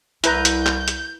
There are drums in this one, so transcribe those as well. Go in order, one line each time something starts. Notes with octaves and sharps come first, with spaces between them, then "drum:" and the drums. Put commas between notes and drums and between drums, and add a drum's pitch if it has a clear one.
C2 E4 B4 A#5 G6, drum: hi-hat
drum: hi-hat
drum: clap
drum: hi-hat